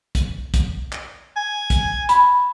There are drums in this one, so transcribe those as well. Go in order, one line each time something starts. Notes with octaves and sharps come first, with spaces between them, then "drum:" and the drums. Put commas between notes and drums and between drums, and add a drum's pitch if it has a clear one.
drum: kick, hi-hat
drum: kick, hi-hat
drum: clap
G#5
drum: kick, hi-hat
B5, drum: hi-hat